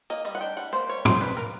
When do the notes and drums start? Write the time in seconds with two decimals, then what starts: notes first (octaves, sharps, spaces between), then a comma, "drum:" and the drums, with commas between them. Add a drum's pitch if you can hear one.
0.10 A#3 D#5
0.25 G3 D#5
0.35 F#5
0.41 D4 G5
0.57 G3 F#5
0.73 A#3 C5
0.89 G3 C#5
1.05 D4 C5, drum: tom
1.21 G3 B4
1.37 A#3 A#4